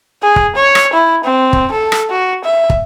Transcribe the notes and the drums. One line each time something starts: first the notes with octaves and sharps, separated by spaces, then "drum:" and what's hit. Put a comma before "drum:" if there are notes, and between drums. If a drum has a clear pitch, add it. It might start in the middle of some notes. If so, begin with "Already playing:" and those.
G#4
drum: kick
C#5
drum: rim click
E4
C4
drum: kick
A4
drum: rim click
F#4
E5
drum: kick